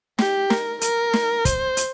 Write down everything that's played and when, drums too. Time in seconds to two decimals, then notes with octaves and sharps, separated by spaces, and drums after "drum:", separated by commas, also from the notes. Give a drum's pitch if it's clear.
0.19 G4, drum: snare
0.50 A#4, drum: snare
0.81 A#4, drum: hi-hat
1.13 drum: snare
1.45 C5, drum: kick, hi-hat
1.77 drum: hi-hat